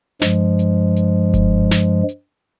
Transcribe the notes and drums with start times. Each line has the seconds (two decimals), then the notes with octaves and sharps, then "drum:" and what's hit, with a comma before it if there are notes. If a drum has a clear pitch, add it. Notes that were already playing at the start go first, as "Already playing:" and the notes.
0.22 G2 F3 G#3, drum: snare
0.59 drum: hi-hat
0.96 drum: hi-hat
1.34 drum: kick F#1, hi-hat
1.71 drum: snare
2.09 drum: hi-hat